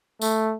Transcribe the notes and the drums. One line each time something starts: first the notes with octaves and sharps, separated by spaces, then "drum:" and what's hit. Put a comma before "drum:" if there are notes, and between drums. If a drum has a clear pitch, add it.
A3, drum: tambourine